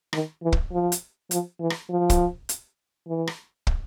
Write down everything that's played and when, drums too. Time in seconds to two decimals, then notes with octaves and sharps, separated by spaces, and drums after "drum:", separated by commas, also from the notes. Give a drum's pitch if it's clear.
0.13 D#3, drum: rim click
0.43 E3
0.52 drum: kick
0.72 F3
0.92 drum: hi-hat
1.31 F3, drum: hi-hat
1.60 E3
1.70 drum: rim click
1.90 F3
2.10 drum: kick, hi-hat
2.49 drum: hi-hat
3.08 E3
3.27 drum: rim click
3.67 drum: kick